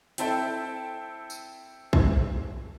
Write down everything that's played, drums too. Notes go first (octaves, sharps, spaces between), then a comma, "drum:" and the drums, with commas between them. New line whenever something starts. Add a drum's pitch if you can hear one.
C4 E4 A4 C5 E5 G5, drum: hi-hat
drum: tambourine
drum: kick